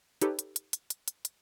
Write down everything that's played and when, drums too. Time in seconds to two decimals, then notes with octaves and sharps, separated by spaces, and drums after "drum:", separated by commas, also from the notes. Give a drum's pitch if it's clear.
0.21 D#4 G4 A4 B4 C#5, drum: hi-hat
0.39 drum: hi-hat
0.56 drum: hi-hat
0.73 drum: hi-hat
0.90 drum: hi-hat
1.08 drum: hi-hat
1.25 drum: hi-hat